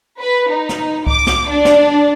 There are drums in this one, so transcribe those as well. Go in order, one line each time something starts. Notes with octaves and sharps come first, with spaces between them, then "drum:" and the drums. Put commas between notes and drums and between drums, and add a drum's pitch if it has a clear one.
B4
D#4
drum: snare
D6, drum: kick C2
drum: snare
D4
drum: snare